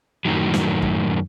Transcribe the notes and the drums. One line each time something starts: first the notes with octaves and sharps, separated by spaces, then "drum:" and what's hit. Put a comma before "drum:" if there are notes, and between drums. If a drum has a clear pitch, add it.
F#2 A2 C3 D#3 F#3
drum: snare
drum: kick